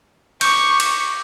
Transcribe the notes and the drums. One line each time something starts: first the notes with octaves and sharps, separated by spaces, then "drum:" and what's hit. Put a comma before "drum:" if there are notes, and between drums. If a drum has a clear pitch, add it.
C#6 D6 G6, drum: cymbal
drum: cymbal